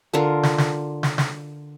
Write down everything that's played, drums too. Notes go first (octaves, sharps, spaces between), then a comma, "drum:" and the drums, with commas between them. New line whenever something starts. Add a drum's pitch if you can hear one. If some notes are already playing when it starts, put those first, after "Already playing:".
D3 F4 A#4
drum: snare
drum: snare
drum: snare
drum: snare